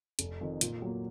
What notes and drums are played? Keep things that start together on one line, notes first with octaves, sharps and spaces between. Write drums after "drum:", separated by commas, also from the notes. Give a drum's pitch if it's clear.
F1, drum: hi-hat
F2 D#3
A#2, drum: hi-hat
F#3 A#3